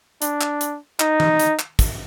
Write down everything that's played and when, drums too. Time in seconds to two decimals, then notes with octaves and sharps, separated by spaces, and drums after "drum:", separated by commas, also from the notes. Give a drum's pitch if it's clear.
0.22 D4, drum: hi-hat
0.41 drum: clap
0.61 drum: hi-hat
1.00 D#4, drum: clap
1.20 drum: tom D#3
1.40 drum: hi-hat
1.59 drum: clap
1.79 drum: kick, hi-hat